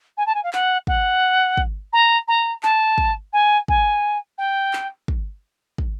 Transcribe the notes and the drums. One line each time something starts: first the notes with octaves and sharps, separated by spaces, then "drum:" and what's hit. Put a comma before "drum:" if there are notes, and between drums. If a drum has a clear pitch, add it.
G#5
A5
G#5
F5
F#5, drum: clap
F#5, drum: kick
drum: kick
A#5
A#5
A5, drum: clap
drum: kick
G#5
G#5, drum: kick
G5
drum: clap
drum: kick
drum: kick